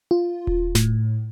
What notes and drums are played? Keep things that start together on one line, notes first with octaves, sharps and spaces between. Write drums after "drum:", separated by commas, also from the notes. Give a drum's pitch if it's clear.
F4
drum: kick D#1
A2, drum: snare